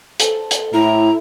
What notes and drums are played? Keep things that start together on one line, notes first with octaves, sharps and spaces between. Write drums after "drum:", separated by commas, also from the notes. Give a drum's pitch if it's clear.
A4 C5, drum: hi-hat
drum: hi-hat
A2 E4 A#5